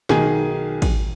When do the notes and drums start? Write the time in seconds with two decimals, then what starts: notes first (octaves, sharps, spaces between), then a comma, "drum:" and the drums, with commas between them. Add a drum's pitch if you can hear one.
0.09 B1 D#3 G#4 G#5, drum: snare
0.82 drum: kick A1, cymbal